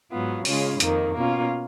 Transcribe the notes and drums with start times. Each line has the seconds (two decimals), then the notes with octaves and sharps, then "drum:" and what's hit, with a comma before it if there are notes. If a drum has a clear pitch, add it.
0.11 G#2 F#3 B3 F4
0.45 C#3 G#3 C#4 F4, drum: open hi-hat
0.80 F2 D#3 A#3 D#4, drum: hi-hat
1.15 B2 A#3 C#4 F4